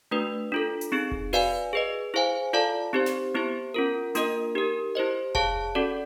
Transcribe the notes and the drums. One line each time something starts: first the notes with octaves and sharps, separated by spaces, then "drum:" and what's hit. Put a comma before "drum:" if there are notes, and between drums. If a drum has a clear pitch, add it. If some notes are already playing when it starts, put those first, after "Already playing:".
A3 D4 F#4 B4
D4 F4 A4
drum: hi-hat
C4 D#4 G#4
drum: kick F1
F#4 B4 D5 F5 G#5, drum: open hi-hat
G#4 B4 D#5
E4 G#4 C5 F5 G#5
F4 A4 D5 F5 A5
C4 D#4 G4 C5
drum: snare
B3 E4 G4 C5
C#4 F4 A#4
A#3 D4 F4 A#4 D#5, drum: hi-hat
D#4 G4 A#4
E4 G4 C5 D#5
G#4 C#5 F5 A5, drum: kick F1
C#4 F#4 A4 D5